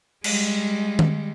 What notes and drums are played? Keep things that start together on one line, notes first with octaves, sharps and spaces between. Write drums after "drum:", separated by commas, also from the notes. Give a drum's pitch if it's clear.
G3 G#3, drum: cymbal
drum: tom D#3